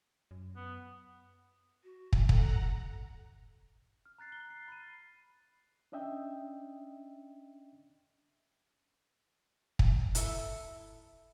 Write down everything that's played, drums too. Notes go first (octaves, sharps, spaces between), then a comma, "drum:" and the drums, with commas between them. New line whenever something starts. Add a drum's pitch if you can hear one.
F#2
B3
F#4
drum: kick
A4 F#5 A#5, drum: kick
F6
A#5 F#6 A6 C7
G7
A6 C7
B5 C7 D#7
C#4 D4 D#5 E5 G5
drum: kick
E4 A4 E5, drum: hi-hat